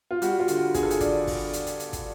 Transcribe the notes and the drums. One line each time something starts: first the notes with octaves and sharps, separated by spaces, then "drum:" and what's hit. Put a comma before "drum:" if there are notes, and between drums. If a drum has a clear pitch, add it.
F4
G3 F#4, drum: hi-hat
F4
D3, drum: hi-hat
F#4
G2 G#4, drum: kick, hi-hat
A4
G#4, drum: hi-hat
D3 D5, drum: kick, hi-hat
drum: kick, open hi-hat
drum: hi-hat
drum: hi-hat
drum: hi-hat
drum: kick, hi-hat